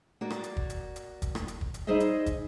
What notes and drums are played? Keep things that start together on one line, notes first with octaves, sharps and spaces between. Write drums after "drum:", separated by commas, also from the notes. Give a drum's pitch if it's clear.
A#3 F#4 D5
drum: rim click
drum: hi-hat
drum: kick
drum: hi-hat
drum: hi-hat
drum: kick, hi-hat
drum: rim click
drum: hi-hat
drum: kick
drum: hi-hat
G3 D#4 G#4 C5 D#5 E5
drum: hi-hat
drum: kick, hi-hat